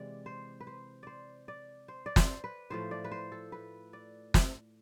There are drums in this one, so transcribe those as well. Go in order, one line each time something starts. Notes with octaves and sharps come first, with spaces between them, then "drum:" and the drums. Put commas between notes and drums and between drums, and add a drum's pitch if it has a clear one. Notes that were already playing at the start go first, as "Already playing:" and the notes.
Already playing: C3 E3 G#3 D5
C5
B4
C5
C5 D5
D5
C5
D5
C5, drum: snare
B4
A2 F3 A3 C5
D5
B4
C5
A4
B4
D5
drum: snare